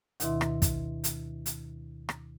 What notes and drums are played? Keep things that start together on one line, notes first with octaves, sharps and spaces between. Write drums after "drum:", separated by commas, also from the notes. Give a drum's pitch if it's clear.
D2 B2 D#3 E4 E5 C6, drum: hi-hat
drum: rim click
drum: kick, hi-hat
drum: hi-hat
drum: hi-hat
drum: rim click